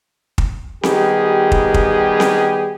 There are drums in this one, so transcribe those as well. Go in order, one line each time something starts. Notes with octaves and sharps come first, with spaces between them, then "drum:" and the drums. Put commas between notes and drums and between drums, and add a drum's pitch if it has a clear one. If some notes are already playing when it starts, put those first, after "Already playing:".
drum: kick
D#3 G3 B3 G4 G#4, drum: snare C4
drum: kick
drum: kick
drum: snare C4